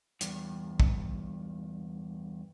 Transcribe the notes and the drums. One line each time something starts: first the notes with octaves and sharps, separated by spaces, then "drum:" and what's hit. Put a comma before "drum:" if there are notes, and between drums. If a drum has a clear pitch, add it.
E2 G2, drum: hi-hat
drum: kick